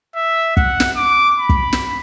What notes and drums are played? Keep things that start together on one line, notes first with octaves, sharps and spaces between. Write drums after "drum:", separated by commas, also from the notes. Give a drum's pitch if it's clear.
E5
F#5, drum: kick
drum: snare
D6
B5
drum: kick
drum: snare